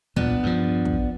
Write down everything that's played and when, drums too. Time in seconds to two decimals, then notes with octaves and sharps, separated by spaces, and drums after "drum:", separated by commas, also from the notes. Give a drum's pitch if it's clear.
0.16 A#2 B3 D4, drum: tom
0.43 G2 F3
0.85 drum: kick